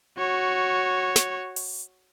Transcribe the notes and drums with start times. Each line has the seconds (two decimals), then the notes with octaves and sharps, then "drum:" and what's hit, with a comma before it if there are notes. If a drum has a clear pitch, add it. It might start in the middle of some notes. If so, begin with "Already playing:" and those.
0.18 F#4 C#5
1.16 drum: snare
1.56 drum: open hi-hat